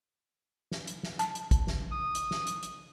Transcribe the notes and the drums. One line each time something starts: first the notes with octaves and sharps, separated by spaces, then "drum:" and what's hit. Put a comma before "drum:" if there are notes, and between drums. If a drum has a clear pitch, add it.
drum: snare
drum: hi-hat
drum: snare
A5, drum: hi-hat
drum: hi-hat
drum: kick, hi-hat
drum: snare
D#6
drum: hi-hat
drum: snare
drum: hi-hat
drum: hi-hat